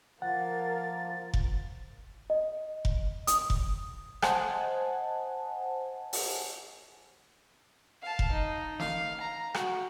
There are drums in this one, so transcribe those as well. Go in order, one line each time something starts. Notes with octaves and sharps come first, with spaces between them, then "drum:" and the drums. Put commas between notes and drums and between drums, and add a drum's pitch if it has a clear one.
F3 A#3 A#4 F#5 A6
drum: kick F1
D#5
drum: kick F1
D#6, drum: hi-hat
drum: kick F1
C5 D#5 F#5 G#5 A5, drum: rim click
drum: open hi-hat
F5 A5
drum: kick F1
D#4
F5, drum: snare
A#5
F#4, drum: rim click